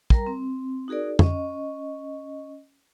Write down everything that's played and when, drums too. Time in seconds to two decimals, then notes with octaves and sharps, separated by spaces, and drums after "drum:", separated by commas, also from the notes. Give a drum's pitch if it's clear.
0.10 G3 A#4 A#5, drum: kick
0.27 C4
0.88 D#4 F#4 G#4 A#4 D5
1.19 C#4 D#5, drum: tom